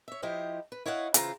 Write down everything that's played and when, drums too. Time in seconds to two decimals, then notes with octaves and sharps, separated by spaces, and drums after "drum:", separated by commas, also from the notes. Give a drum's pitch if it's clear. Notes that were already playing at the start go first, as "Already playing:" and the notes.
0.08 C#5 E5
0.22 F3 E4 G4 C5 D#5
0.72 B4
0.86 E4 C#5 D#5 F5 F#5
1.14 C#3 E3 F4 C5 A#5, drum: hi-hat